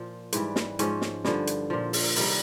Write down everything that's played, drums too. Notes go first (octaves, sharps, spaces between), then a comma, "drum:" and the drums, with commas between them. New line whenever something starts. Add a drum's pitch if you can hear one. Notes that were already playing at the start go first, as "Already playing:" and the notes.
Already playing: A#2 F3
G#2 E3 G3, drum: hi-hat
drum: snare
G#2 F3 C#4, drum: hi-hat
drum: snare
G2 D3 F3, drum: snare
drum: hi-hat
A#2 F3
drum: open hi-hat
C3 D#3 G3 D#4, drum: open hi-hat